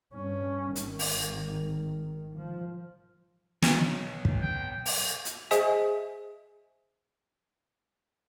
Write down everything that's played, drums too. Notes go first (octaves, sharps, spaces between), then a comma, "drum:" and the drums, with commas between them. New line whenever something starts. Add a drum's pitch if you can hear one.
G2 C#4
G#1 D#3, drum: hi-hat
drum: open hi-hat
F3
B1, drum: snare
drum: kick
G5
drum: open hi-hat
drum: hi-hat
G#4 C5 D#5 E5 G#5, drum: hi-hat